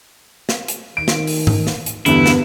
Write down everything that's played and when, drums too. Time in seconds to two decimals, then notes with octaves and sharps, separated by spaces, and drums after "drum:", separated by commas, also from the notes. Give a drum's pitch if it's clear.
0.49 drum: snare
0.68 drum: hi-hat
0.97 D#3 D7
1.08 drum: snare
1.27 drum: open hi-hat
1.47 drum: tom G#2
1.67 drum: snare
1.86 drum: hi-hat
2.06 E2 G2 D3 B3 E4, drum: hi-hat
2.26 drum: snare